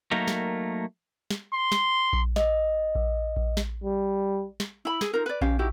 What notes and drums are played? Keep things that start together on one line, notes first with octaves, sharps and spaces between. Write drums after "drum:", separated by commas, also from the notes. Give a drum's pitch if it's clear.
F#3 A3 A#3 D#4 A#4
drum: snare
drum: snare
C6
drum: snare
drum: kick A#1
D#5, drum: snare
drum: kick A#1
drum: kick A#1
drum: snare
G3
drum: snare
E4 B5
G#4, drum: snare
D#4 F4 A#4
B4 D5
C#4 G4 F5, drum: kick A#1
D#4 E4 F#4 G4